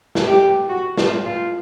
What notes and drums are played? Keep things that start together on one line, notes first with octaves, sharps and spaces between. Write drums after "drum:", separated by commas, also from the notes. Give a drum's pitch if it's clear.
drum: snare
G4
F#4
F4, drum: snare
F4